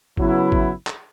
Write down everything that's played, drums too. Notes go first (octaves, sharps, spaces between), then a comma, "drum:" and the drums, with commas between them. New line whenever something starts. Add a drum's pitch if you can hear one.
C#3 F#3 B3 E4 B4, drum: kick
drum: kick
drum: clap